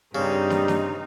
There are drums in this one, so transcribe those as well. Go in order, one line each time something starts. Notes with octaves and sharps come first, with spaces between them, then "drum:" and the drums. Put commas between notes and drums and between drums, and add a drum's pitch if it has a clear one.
G2 C#3 G3 C4 D#4
drum: snare
drum: snare